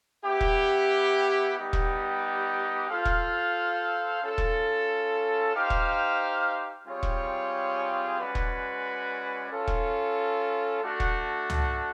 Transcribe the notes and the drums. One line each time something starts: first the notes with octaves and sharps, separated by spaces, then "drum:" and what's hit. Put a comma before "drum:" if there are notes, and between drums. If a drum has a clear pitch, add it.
B3 E4 G4
drum: kick E1
G3 B3 D#4 G4
drum: kick E1
F4 A4 C5 F5
drum: kick E1
C#4 F4 A4
drum: kick E1
D#4 G4 C5 F5
drum: kick E1
G3 C4 F4 G#4 C#5
drum: kick E1
G#3 C#4 F#4 B4 D5
drum: kick E1
C#4 F4 A4
drum: kick E1
A3 D4 F#4
drum: kick E1
drum: tom